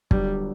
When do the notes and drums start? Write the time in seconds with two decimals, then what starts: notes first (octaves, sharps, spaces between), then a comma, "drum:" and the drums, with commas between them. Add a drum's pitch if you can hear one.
0.11 G1 G2 F#3 G3, drum: kick